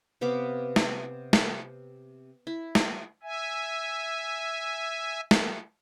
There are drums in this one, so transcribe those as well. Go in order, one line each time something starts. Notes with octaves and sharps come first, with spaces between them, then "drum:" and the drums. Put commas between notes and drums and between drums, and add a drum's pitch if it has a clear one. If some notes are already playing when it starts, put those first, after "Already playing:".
C3 B3 F5 D6
drum: snare
drum: snare
E4
drum: snare
E5 G#5
drum: snare